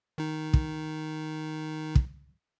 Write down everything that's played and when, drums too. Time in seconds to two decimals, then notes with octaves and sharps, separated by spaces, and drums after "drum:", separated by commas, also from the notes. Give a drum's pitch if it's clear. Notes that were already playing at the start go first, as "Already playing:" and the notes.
0.18 D#3 D#4
0.54 drum: kick
1.95 drum: kick